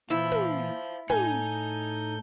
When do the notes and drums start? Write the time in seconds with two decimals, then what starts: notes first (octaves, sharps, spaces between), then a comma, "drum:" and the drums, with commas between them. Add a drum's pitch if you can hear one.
0.10 A#2 E3 E4 C5 F5, drum: hi-hat
0.32 drum: tom
1.10 A2 D#4 A4 D#5 G#5 G6, drum: tom